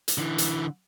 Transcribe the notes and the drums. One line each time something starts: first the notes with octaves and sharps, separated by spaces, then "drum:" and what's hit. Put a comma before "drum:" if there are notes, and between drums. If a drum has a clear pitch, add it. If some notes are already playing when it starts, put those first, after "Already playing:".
drum: hi-hat
D3 E3
drum: hi-hat